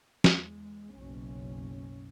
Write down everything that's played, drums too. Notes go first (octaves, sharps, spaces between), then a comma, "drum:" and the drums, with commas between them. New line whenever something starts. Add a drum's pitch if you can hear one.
E2 G#3, drum: snare
F#1 B1 C#4